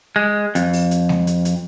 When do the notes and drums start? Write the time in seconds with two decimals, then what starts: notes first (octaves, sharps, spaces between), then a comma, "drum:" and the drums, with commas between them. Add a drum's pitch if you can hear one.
0.16 G#3
0.55 F2, drum: hi-hat
0.73 drum: open hi-hat
0.91 drum: hi-hat
1.09 drum: snare G#3
1.27 drum: hi-hat
1.45 drum: hi-hat